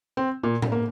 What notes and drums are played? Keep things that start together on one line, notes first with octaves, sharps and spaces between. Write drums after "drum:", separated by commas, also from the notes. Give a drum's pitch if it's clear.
C4
A#2
drum: tom A2
A#3